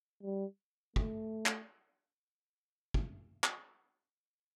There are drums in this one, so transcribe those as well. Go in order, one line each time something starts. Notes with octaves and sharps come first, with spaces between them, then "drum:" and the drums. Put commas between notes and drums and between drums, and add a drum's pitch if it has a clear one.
G3
A3, drum: kick
drum: clap
drum: kick
drum: clap